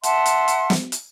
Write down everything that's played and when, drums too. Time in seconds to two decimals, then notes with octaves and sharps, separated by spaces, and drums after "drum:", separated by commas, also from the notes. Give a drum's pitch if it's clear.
0.03 E5 F#5 A5 C6, drum: hi-hat
0.26 drum: hi-hat
0.48 drum: hi-hat
0.70 drum: snare
0.92 drum: hi-hat